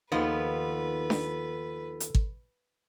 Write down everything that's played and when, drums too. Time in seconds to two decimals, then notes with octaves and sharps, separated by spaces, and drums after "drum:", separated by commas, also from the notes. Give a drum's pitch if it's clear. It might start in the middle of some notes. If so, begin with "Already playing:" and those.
0.12 D#2 D#3 F3 B3 F4 A4 B4
1.10 drum: snare D4
2.00 drum: hi-hat
2.15 drum: kick